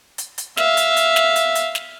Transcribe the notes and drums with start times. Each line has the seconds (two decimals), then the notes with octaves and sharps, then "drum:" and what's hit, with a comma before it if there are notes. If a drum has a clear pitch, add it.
0.18 drum: hi-hat
0.38 drum: hi-hat
0.57 E5 F5, drum: snare
0.77 drum: hi-hat
0.96 drum: hi-hat
1.16 drum: snare
1.36 drum: hi-hat
1.55 drum: hi-hat
1.75 drum: snare